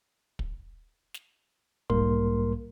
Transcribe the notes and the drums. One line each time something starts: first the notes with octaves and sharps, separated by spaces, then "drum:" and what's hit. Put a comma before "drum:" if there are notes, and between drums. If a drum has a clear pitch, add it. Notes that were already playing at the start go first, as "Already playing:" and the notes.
drum: kick
drum: snare
B1 G#2 G3 A#3 A#4 C6, drum: kick